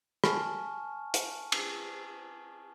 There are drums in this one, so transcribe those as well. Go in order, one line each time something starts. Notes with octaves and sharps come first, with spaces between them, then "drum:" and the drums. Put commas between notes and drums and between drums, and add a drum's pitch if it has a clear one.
G#5 A5 C#6 F6, drum: rim click
drum: hi-hat
drum: cymbal